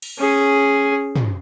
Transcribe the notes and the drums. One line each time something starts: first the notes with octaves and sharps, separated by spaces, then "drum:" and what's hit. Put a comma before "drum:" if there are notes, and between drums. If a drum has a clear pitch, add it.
drum: cymbal
C#4 G#4
drum: tom